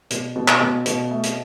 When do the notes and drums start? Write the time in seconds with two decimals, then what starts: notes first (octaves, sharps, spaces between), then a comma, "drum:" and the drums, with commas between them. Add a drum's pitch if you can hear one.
0.10 B2, drum: hi-hat
0.36 B2
0.48 drum: clap
0.61 B2
0.86 B2, drum: hi-hat
1.11 A3
1.23 drum: hi-hat